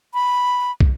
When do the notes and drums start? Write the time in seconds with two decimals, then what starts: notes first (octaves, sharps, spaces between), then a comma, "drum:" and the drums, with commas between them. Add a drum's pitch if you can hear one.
0.14 B5
0.80 drum: kick